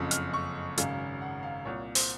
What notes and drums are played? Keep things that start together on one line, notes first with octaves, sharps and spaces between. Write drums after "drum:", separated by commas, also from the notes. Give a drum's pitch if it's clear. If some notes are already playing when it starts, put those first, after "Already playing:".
Already playing: F#1 F2 C#3
F6, drum: hi-hat
C#6
G#1 F#2 C#3 F5, drum: hi-hat
F#5
F5
C2 A#2 C#5
C5, drum: open hi-hat